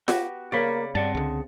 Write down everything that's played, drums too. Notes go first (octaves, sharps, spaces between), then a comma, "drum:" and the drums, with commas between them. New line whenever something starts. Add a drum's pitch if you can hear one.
B3 F#4 G4, drum: snare F4
C#3 A#3 C#5 D5 B5
G2 C4 D5 F#5 A5
C#2 D3 G#4